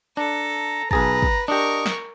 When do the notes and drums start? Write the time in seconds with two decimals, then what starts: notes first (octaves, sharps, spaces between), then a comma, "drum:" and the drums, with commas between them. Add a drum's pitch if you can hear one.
0.17 D4 A4 A#5
0.91 B1 G#4 B4 A5 A#5, drum: kick
1.22 drum: kick
1.48 D4 G4 A#4 D#5 C#6
1.86 drum: snare